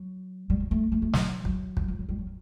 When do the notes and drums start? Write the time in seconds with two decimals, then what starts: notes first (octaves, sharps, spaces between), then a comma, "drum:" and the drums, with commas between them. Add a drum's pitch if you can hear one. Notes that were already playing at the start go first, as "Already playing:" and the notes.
Already playing: F#3
0.50 G3
0.60 G#3
0.71 A3
0.92 A3
1.02 A3
1.13 F#3, drum: snare
1.45 F#3, drum: kick
1.77 drum: kick
1.88 F3
1.99 F#3
2.09 G3
2.19 F#3